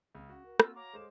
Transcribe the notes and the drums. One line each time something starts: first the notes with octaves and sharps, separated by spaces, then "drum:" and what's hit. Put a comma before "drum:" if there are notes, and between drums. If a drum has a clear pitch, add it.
C#2 C4
C#4 F#4
A#4
A#3 C4 F4 E6, drum: rim click
C#5 F5 A#5 D6
G#3 A4 C5 E7